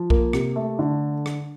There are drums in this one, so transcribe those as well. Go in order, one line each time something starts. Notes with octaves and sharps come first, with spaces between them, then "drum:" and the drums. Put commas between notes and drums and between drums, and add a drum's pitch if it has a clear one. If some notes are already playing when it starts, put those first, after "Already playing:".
Already playing: F3
A#3, drum: kick B1
C3, drum: rim click
A3
D3
drum: rim click